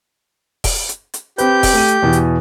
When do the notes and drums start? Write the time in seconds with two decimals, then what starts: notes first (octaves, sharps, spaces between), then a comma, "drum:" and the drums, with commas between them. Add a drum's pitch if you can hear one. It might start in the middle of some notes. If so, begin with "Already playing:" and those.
0.64 drum: kick E1, open hi-hat
0.89 drum: hi-hat
1.14 drum: hi-hat
1.38 C4 G4 B4 G6, drum: hi-hat
1.63 drum: kick E1, open hi-hat
1.73 A3 D#7
1.88 drum: hi-hat
2.02 E2 B2 E3
2.13 drum: hi-hat